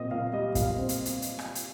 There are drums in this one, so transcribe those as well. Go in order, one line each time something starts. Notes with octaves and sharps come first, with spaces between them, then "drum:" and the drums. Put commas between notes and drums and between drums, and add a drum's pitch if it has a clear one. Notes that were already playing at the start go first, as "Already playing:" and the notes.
Already playing: A#2 C4 D#5
A#2 F5
G3 D#5
A#2 F5, drum: kick, hi-hat
C4
drum: hi-hat
drum: hi-hat
drum: hi-hat
drum: rim click
drum: hi-hat